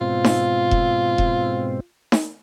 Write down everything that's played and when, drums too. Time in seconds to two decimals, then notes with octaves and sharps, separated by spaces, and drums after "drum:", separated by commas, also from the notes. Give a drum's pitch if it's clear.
0.01 G#2 B2 C4 F4
0.24 drum: snare D#4
0.71 drum: kick E1
1.18 drum: kick E1
2.12 drum: snare D#4